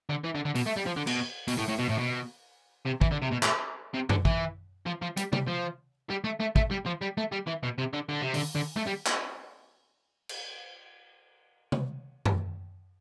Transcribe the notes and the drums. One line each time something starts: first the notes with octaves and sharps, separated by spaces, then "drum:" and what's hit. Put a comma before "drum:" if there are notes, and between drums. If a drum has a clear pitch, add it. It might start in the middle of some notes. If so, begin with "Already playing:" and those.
D3
E3
D3
D3
B2, drum: open hi-hat
A3
G3
F3
D3
B2, drum: cymbal
B2, drum: open hi-hat
A2
A2
B2
A2
B2
C3
E3, drum: kick
D3
C3
B2
A2, drum: clap
C3
D3, drum: tom F#2
E3, drum: kick
F3
F3
G3, drum: hi-hat
G3, drum: tom C3
F3
G3
A3
A3
A3, drum: kick
G3
F3
G3
A3
G3
E3
B2
C3
D3
D3
C3
D3, drum: open hi-hat
D3
A3
G3
drum: clap
drum: cymbal
drum: tom C3
drum: tom F#2